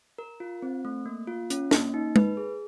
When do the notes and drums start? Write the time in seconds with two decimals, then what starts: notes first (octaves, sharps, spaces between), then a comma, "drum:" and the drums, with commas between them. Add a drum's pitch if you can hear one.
0.18 A#4
0.40 F4
0.62 C4
0.85 A3
1.06 A#3
1.27 F4
1.50 C#4, drum: hi-hat
1.71 A#3, drum: snare
1.94 D#4
2.16 B4, drum: tom G#3
2.37 G#4